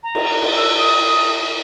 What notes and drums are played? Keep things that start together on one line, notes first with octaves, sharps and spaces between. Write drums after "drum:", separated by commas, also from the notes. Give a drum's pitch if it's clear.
A#5
drum: cymbal
drum: cymbal
E6
D#6